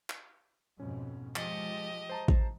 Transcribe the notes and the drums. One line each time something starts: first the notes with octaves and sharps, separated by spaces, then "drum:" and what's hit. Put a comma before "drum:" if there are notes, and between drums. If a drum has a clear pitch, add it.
drum: clap
F2 G#2 B2 C#4
F3 G#3 G4 D#5 A6 B6 C#7, drum: clap
C5 A5 A#5
drum: kick A1